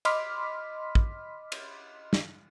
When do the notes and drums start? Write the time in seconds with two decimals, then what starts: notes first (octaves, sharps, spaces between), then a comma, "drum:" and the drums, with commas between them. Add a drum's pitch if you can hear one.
0.05 D#5 B5 C6 D6 F6 B6, drum: cymbal
0.95 drum: kick
1.52 drum: cymbal
2.13 drum: snare